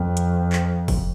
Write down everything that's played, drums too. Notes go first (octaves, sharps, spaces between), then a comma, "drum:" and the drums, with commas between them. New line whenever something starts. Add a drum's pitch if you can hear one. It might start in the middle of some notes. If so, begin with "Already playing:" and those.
Already playing: F2
drum: hi-hat
drum: clap
drum: kick, open hi-hat